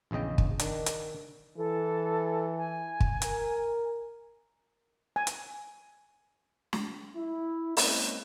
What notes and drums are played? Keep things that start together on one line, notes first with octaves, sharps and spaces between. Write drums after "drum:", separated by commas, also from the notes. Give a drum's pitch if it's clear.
A#1 E2 C#3 D#5 G5
drum: kick
D#3 D4, drum: hi-hat
drum: hi-hat
E3 A4
G#5
drum: kick
A#4, drum: hi-hat
G#5
drum: hi-hat
drum: snare
E4
G#3 A#3 C4 C#4, drum: open hi-hat